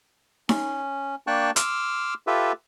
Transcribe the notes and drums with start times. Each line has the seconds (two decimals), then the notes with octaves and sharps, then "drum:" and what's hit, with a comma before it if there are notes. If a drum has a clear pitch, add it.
0.49 C#4, drum: snare D#4
1.27 A#3 D4 G5 A5 C#6 F#6
1.56 C6 D6 E6 F6, drum: hi-hat
2.27 F4 G4 A4 B4 E5